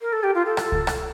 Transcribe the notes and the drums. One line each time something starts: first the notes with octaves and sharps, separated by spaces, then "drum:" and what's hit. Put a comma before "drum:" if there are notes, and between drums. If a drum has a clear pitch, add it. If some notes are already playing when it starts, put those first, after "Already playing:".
A#4
A4
G4
F4
A4
drum: rim click
drum: kick C#2
drum: rim click